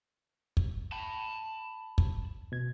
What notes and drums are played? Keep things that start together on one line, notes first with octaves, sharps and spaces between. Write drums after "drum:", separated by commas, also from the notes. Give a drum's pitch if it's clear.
drum: kick
A5 B5
drum: kick
B2 G#6